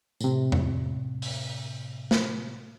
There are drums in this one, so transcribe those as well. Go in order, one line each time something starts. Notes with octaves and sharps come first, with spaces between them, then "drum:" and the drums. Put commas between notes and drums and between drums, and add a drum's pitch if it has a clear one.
A2 C3, drum: tambourine
drum: tom E2
drum: open hi-hat
drum: snare